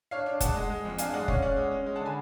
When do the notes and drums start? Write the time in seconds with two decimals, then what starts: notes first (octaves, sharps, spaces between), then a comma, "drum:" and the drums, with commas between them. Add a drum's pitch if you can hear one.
0.11 D4 C#5 F5
0.26 D4
0.40 G#3 F#5 A5, drum: kick F1, hi-hat
0.56 G#3
0.70 G#3
0.85 F2
0.98 D4 F5 G#5, drum: hi-hat
1.13 G#3 D5 F#5
1.28 C#4 C#5 F5, drum: kick F1
1.42 C#4 D5 F#5
1.56 G#3
1.71 C#4
1.86 G#3
1.96 F#5 A5
2.00 D3
2.06 G#5 B5